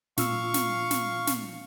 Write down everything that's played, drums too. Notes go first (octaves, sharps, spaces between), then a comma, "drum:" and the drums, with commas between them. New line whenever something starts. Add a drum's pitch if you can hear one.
A#2 F4 F5 C#6 E6, drum: snare
drum: snare
drum: snare
drum: snare